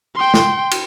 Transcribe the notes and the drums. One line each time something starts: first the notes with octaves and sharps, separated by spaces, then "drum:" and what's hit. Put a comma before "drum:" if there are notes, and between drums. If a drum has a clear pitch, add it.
G5 C6
drum: snare
drum: cymbal